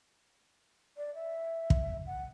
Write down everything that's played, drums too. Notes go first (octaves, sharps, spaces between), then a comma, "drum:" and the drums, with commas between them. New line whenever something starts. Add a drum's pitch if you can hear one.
D5
E5
drum: kick
F#5